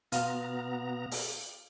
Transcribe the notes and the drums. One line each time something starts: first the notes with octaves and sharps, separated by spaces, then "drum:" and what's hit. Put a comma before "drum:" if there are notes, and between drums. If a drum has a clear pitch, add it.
B2 B3 F4 A#5, drum: hi-hat
drum: open hi-hat